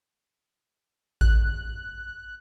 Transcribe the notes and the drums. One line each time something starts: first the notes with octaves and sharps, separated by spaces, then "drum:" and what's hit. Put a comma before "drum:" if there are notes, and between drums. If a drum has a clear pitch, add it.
F#6, drum: kick A1